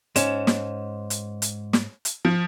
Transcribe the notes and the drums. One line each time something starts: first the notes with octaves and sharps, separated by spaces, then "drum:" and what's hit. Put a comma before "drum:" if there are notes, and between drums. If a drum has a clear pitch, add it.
G#2 C#4 E7, drum: hi-hat
drum: snare
drum: hi-hat
drum: hi-hat
drum: snare
drum: hi-hat
F3